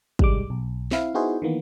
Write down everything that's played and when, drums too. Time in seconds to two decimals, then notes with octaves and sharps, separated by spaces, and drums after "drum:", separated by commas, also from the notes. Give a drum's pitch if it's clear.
0.19 C2 G#2 G3 G#3 D6, drum: kick
0.50 B1
0.91 C4 E4 F5, drum: snare
1.14 B3 D#4 E4 F#4 G#4 C5
1.42 D#3 E3 A#3 B3